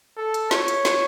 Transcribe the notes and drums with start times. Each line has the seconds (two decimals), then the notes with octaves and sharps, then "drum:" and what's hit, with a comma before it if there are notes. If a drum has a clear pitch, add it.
0.17 A4
0.34 drum: hi-hat
0.51 C#5, drum: snare
0.68 drum: hi-hat
0.85 drum: snare